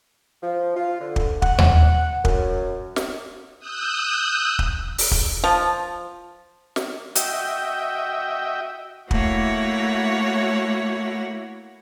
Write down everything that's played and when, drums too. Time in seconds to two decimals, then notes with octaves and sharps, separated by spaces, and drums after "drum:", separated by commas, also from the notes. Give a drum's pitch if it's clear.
0.42 F3
0.76 F4
1.01 D3
1.16 drum: kick
1.42 F#5, drum: kick
1.58 drum: tom D#2
2.25 F#2, drum: kick
2.96 drum: snare
3.59 D#6 E6 F#6 G6
4.59 drum: kick
4.98 drum: open hi-hat
5.11 drum: kick
5.44 F3
6.76 drum: snare
7.15 F#4 D#5 E5 G5, drum: hi-hat
9.11 A3 A#3 E4 F#4 C#5 F#5, drum: kick